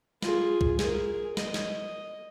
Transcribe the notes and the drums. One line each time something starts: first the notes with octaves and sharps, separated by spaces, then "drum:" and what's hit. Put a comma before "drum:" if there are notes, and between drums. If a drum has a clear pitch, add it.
F4 G#4, drum: snare
drum: kick B1
G#4 A#4, drum: snare
D#5, drum: snare
drum: snare